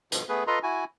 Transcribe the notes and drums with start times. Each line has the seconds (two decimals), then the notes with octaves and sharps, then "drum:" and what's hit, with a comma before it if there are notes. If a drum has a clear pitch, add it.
0.12 G2 B2 F3, drum: hi-hat
0.29 A3 B3 G#4 B4
0.47 F4 A4 B4 D#5 A#5 C6
0.63 E4 F#4 G#5